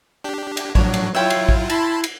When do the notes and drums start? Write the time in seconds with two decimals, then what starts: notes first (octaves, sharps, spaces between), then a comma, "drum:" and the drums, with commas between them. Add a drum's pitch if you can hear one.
0.24 D4 G4
0.57 drum: cymbal
0.75 A2 F3 F#3 D4 C#5, drum: kick A1
0.94 drum: cymbal
1.15 F#3 E4 F4 C#5 E5 G5
1.30 drum: cymbal
1.49 drum: kick A1
1.70 E4 A5 B5 C6, drum: cymbal
2.04 drum: cymbal